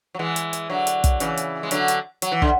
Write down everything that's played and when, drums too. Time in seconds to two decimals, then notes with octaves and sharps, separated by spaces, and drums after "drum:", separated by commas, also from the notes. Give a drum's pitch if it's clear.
0.15 F#3
0.19 E3 G#3
0.36 drum: hi-hat
0.53 drum: hi-hat
0.70 D3 F#3
0.87 drum: hi-hat
1.04 drum: kick, hi-hat
1.20 C#3 E3, drum: hi-hat
1.38 drum: hi-hat
1.63 G#3
1.71 D3 F#3, drum: hi-hat
1.88 drum: hi-hat
2.22 F#3, drum: hi-hat
2.32 E3
2.42 D3, drum: kick